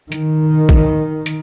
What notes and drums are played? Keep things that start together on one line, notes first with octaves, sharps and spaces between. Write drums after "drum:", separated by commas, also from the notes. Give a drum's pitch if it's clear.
D#3, drum: hi-hat
drum: kick
drum: hi-hat